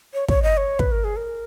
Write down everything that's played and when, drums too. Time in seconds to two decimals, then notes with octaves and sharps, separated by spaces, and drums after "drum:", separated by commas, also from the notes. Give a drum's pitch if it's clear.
0.14 C#5
0.28 C#5, drum: kick
0.43 D#5
0.57 C#5
0.79 B4, drum: kick
0.92 A#4
1.04 G#4
1.16 A#4